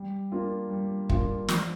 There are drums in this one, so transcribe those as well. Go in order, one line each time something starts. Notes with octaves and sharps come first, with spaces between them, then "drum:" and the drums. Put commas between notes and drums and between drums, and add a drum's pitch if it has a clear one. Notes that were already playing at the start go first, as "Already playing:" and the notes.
Already playing: G3
A#3 D4 F4
G3
A#3 D4 F4, drum: kick
F3, drum: snare